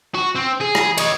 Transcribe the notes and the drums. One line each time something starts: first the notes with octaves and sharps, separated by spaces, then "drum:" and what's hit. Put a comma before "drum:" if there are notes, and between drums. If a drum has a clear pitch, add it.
F#4
C4
G#4
drum: rim click
C#5 D#5, drum: cymbal